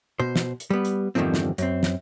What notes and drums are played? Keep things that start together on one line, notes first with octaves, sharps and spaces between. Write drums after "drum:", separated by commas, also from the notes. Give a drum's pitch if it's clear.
B2 C5
drum: snare
drum: hi-hat
G3 B3
drum: hi-hat
E2 G2 D3 D#3 F3 C4
drum: snare
F#2 C4, drum: hi-hat
drum: snare